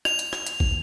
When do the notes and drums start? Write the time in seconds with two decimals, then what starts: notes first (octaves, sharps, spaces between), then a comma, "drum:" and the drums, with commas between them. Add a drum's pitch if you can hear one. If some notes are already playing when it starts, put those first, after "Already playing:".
0.05 F7, drum: rim click
0.19 drum: hi-hat
0.33 drum: rim click
0.46 drum: hi-hat
0.60 drum: kick